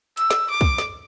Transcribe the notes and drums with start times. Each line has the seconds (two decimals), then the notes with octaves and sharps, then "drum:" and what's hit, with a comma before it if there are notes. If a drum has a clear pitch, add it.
0.17 E6, drum: hi-hat
0.30 drum: snare
0.50 D6
0.61 drum: kick
0.78 drum: snare